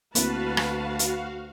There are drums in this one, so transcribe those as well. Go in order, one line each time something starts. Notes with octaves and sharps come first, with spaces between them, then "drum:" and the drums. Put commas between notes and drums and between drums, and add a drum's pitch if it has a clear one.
D2 A#3 C4 E4 F#4 B4 F5 A5, drum: hi-hat
drum: rim click
drum: hi-hat